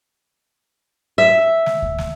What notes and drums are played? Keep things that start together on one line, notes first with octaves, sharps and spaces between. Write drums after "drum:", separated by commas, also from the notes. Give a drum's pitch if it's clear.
E5
drum: snare
drum: kick D2
drum: snare